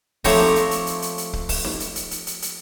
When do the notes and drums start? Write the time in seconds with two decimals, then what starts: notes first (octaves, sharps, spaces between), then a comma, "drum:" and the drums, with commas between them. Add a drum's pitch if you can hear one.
0.24 F3 A3 C4 G4 C#5 A#5, drum: kick, open hi-hat
0.40 drum: snare D#4
0.56 drum: hi-hat
0.71 drum: hi-hat
0.87 drum: hi-hat
1.02 drum: hi-hat
1.18 drum: hi-hat
1.33 drum: kick
1.49 drum: kick, open hi-hat
1.64 drum: snare D#4
1.80 drum: hi-hat
1.96 drum: hi-hat
2.11 drum: hi-hat
2.27 drum: hi-hat
2.42 drum: hi-hat